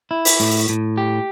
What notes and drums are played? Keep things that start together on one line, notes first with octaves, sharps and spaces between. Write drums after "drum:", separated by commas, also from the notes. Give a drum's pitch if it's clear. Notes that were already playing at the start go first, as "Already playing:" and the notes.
E4
drum: open hi-hat
A2
A2
G4